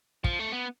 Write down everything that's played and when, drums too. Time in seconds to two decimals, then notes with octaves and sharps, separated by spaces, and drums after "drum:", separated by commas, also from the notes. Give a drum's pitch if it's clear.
0.24 F3, drum: kick
0.39 A3
0.52 B3